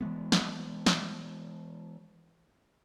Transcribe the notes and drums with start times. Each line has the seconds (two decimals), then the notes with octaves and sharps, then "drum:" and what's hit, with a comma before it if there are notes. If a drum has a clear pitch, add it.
0.01 E3 F3 G#3 B3
0.32 drum: snare
0.86 drum: snare